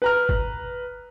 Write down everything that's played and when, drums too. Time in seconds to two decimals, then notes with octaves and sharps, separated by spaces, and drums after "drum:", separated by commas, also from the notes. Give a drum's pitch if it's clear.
0.02 B4 A#5 F6
0.29 drum: kick G1